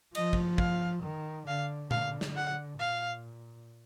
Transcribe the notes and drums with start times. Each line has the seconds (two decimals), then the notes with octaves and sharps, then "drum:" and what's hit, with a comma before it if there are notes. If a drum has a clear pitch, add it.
0.15 F3 D#5, drum: cymbal
0.33 drum: kick
0.58 F5, drum: kick
1.03 D#3
1.47 D3 F5
1.91 D3 F5, drum: tom A#2
2.21 drum: snare
2.36 F#5
2.79 A#2 F5